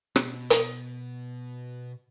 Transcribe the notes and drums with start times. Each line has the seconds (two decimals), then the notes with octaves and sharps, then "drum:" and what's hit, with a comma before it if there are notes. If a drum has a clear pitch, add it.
0.16 B2, drum: rim click
0.50 drum: hi-hat